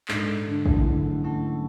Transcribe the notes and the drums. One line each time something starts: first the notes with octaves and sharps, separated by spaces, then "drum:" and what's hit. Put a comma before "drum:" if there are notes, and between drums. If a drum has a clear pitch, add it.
G#2 D4 A4 D5, drum: clap
D3
D3 F#3 A3 E4, drum: kick
E3
D3
F#3 A3 C#4 E4